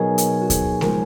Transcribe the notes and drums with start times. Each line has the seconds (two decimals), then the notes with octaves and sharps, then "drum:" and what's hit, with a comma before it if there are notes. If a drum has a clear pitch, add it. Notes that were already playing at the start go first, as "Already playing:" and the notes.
Already playing: B2 F#3 D#4 G#4 A#4
0.18 drum: hi-hat
0.41 F#4
0.50 G#4, drum: kick D2, hi-hat
0.81 C#3 F3 G#3 A#4, drum: snare A3